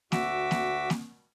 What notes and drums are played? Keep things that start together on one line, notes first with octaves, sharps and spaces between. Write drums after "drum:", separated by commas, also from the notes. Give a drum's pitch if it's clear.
D2 F#4 E5 D6 E6, drum: snare A#3
drum: snare A#3
drum: snare A#3